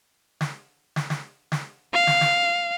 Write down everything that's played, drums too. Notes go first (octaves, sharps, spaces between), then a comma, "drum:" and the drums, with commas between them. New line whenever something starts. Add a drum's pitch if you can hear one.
drum: snare
drum: snare
drum: snare
drum: snare
F5
drum: snare
drum: snare